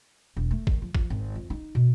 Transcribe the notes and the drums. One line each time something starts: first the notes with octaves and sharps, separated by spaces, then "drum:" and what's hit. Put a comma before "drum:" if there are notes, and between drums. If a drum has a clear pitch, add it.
E1
A3
D#3, drum: kick
F3
F3, drum: kick
G#1
F2
D#4
B2